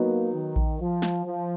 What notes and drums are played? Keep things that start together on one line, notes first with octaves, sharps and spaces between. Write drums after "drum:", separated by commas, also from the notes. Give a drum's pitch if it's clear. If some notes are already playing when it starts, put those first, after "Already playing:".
Already playing: F#3 A#3 B3 D#4
D#3
drum: kick A#1
F3
drum: snare
F3